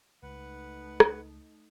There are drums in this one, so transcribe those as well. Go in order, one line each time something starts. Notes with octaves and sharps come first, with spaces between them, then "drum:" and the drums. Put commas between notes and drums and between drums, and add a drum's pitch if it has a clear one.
C#2 A3 D#4 B4 F#5
drum: rim click